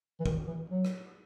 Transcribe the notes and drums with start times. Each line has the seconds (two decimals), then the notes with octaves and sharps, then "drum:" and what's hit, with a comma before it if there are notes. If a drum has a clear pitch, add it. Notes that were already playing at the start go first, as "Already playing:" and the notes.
0.20 E3
0.26 D#3, drum: kick
0.47 E3
0.70 F#3
0.85 drum: rim click